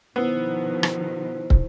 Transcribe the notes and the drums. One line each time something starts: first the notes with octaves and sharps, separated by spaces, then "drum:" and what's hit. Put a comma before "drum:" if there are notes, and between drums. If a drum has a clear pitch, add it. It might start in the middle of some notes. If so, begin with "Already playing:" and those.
B2 D#3 F3 B3 E4 C5
drum: rim click
drum: kick